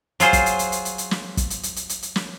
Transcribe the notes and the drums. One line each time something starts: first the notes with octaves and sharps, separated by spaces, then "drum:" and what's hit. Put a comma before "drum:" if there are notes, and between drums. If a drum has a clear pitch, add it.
F#3 F4 G#4 C5, drum: hi-hat
drum: kick, hi-hat
drum: hi-hat
drum: hi-hat
drum: hi-hat
drum: hi-hat
drum: hi-hat
drum: snare
drum: kick, hi-hat
drum: hi-hat
drum: hi-hat
drum: hi-hat
drum: hi-hat
drum: hi-hat
drum: snare